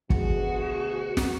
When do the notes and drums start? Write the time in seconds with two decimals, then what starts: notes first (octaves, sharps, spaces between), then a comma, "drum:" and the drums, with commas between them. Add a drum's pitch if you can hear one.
0.10 D2 B2 F#4 G#4, drum: kick
1.17 drum: snare